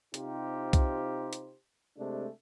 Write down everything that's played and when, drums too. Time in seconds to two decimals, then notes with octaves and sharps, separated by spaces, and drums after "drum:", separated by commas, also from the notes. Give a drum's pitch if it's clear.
0.14 C3 D#4 F4 G4 C5, drum: hi-hat
0.73 drum: kick C2, hi-hat
1.33 drum: hi-hat
1.98 C3 G#3 A3 D4